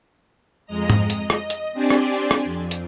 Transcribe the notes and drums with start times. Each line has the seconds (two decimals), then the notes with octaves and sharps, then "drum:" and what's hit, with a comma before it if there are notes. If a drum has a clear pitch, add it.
0.66 F2 G#3 D#5 A#5
0.90 drum: tom G#2
1.10 D#5, drum: hi-hat
1.30 drum: rim click
1.50 drum: hi-hat
1.73 C4 D4 G4 C5 D5 G#5
1.90 drum: rim click
2.31 drum: rim click
2.44 F2
2.71 drum: hi-hat